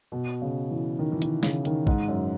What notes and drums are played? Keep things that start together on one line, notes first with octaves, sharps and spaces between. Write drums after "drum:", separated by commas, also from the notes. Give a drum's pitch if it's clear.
B2
C#3
E3
D#3
E3
D#3, drum: hi-hat
C#3, drum: snare
D#3, drum: hi-hat
G#2, drum: kick
F#2